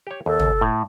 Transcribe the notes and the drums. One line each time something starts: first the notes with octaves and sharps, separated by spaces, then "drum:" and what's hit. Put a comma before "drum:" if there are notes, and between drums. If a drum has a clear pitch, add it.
G4 C#5
D#2 A4
drum: tom
A2